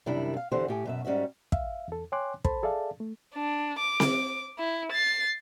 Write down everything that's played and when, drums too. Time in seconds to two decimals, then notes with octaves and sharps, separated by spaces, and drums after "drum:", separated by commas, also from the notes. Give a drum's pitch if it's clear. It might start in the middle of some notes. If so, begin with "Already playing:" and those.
0.06 F#2 C3 D#3 G3 D4 E4
0.37 F5
0.52 E2 D3 E3 F#4 G4 C5
0.68 A2 G4 G#5
0.85 F#2 B2 E5
1.05 G#2 G3 C#4 F#4 E5
1.52 E5 F5, drum: kick
1.88 E2 A4
2.12 C#5 G5 G#5 C6 D6 F#6
2.45 A4 C5 A5 B5, drum: kick
2.63 G#4 A4 D5 E5 F5 A5
3.00 A3
3.35 D4
3.79 D6
4.00 drum: snare C4
4.59 E4
4.92 A6 C7